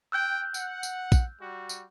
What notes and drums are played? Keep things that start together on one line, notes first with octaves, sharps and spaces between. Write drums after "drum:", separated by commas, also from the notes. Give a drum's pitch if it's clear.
G5 E6 F#6 G6
F#5, drum: tambourine
drum: tambourine
drum: kick, tambourine
G3 F#4
drum: tambourine